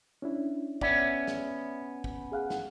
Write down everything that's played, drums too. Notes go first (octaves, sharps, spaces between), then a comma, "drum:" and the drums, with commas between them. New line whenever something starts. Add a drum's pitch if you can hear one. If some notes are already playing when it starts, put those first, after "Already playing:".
C#4 D4 E4
B3 C#4 D5 E5, drum: kick
drum: snare
drum: kick
G#4 F5 F#5
drum: snare